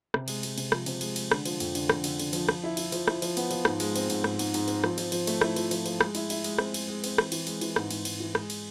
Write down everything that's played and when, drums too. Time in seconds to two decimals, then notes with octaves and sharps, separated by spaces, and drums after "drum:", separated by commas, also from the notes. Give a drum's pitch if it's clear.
0.14 C3, drum: rim click
0.28 G#3, drum: cymbal
0.43 G#3, drum: cymbal
0.58 C3, drum: cymbal
0.72 F3, drum: rim click
0.86 C3, drum: cymbal
1.01 G#3, drum: cymbal
1.16 G#3, drum: cymbal
1.31 D3, drum: rim click
1.45 F3, drum: cymbal
1.60 F2, drum: cymbal
1.75 D3, drum: cymbal
1.89 F2, drum: rim click
2.04 D3, drum: cymbal
2.19 D3, drum: cymbal
2.33 F3, drum: cymbal
2.49 F3, drum: rim click
2.64 E4
2.77 E4, drum: cymbal
2.92 F3, drum: cymbal
3.08 E4, drum: rim click
3.22 F3, drum: cymbal
3.37 B3, drum: cymbal
3.51 F3, drum: cymbal
3.65 G#2, drum: rim click
3.80 G#3, drum: cymbal
3.96 C4, drum: cymbal
4.10 G#2, drum: cymbal
4.24 G#2, drum: rim click
4.39 G#2, drum: cymbal
4.54 G#2, drum: cymbal
4.68 C4, drum: cymbal
4.84 F3, drum: rim click
4.98 F3, drum: cymbal
5.12 F3, drum: cymbal
5.27 A3, drum: cymbal
5.41 E4, drum: rim click
5.56 F3, drum: cymbal
5.71 F3, drum: cymbal
5.86 F3, drum: cymbal
6.01 G#3, drum: rim click
6.15 E4, drum: cymbal
6.30 E4, drum: cymbal
6.44 G#3, drum: cymbal
6.58 C4, drum: rim click
6.74 G#3, drum: cymbal
6.88 G#3
7.04 C4, drum: cymbal
7.18 E3, drum: rim click
7.32 E3, drum: cymbal
7.47 G#3, drum: cymbal
7.61 E3, drum: cymbal
7.76 G#2, drum: rim click
7.91 G#2, drum: cymbal
8.05 G#2, drum: cymbal
8.20 E3
8.35 G#3, drum: rim click
8.50 drum: cymbal